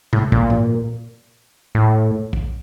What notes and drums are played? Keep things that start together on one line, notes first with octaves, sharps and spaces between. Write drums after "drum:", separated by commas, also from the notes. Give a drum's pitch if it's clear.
A2, drum: tom
A#2, drum: kick
drum: tom G#2
A2
drum: kick